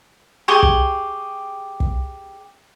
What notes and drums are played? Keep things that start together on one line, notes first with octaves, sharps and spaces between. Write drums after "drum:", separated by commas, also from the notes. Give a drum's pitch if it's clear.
G4 G#4 C#6
drum: kick
drum: kick